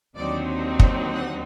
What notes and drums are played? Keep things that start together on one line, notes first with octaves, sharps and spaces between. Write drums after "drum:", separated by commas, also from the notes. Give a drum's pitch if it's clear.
D#2 D3 F#3 C4 D#4 D5
drum: kick
F#5